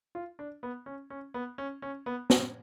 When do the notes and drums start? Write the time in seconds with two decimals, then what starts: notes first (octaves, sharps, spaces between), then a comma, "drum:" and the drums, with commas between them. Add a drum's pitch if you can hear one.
0.15 F4
0.39 D4
0.63 B3
0.86 C#4
1.10 C#4
1.34 B3
1.58 C#4
1.82 C#4
2.06 B3
2.30 C#4, drum: snare